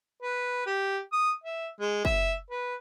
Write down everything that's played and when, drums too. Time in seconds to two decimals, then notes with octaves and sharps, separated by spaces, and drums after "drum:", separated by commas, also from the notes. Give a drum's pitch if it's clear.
0.22 B4
0.66 G4
1.12 D#6
1.44 E5
1.80 G#3
2.05 E5, drum: kick
2.50 B4